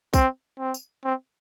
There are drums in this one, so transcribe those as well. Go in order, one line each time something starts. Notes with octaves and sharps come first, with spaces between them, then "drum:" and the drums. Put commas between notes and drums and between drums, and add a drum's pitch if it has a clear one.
C4, drum: kick B1, tambourine
C4
drum: tambourine
C4